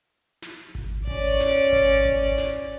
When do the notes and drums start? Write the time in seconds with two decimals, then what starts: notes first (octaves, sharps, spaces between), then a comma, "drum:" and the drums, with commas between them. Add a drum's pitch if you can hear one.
0.42 drum: snare
0.75 drum: kick G#1
1.07 C#4 D5, drum: kick G#1
1.40 drum: snare
1.73 drum: kick G#1
2.05 drum: kick G#1
2.38 drum: snare